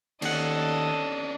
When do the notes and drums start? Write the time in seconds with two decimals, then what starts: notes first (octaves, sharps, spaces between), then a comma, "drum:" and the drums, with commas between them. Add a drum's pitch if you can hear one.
0.22 D#2 C#4 D4 A4 D#5 F#5, drum: cymbal